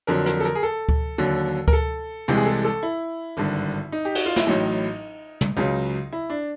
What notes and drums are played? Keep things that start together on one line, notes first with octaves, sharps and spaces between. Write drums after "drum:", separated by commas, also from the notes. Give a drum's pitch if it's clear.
F2 D3 F#3 A#4
A#4, drum: rim click
A4
A#4
G#4
A4
drum: kick D2
D#2 D3 F#3
A#4, drum: kick D2
A4
C2 C3 E3 G#3
G#4
A4
A4
E4
G#1 G2 D3
D#4
G4
F#4, drum: cymbal
F4
E4, drum: snare
A1 A2 F#3 D#4
drum: tom
C#2 C#3 F#3
E4
D4